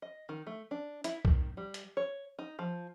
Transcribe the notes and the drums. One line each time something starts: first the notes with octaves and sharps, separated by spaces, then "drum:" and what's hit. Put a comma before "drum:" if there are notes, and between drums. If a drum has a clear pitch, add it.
D#5
D#3
A3
D4
E4, drum: hi-hat
D#3, drum: kick
G3
drum: hi-hat
C#5
D#4
F3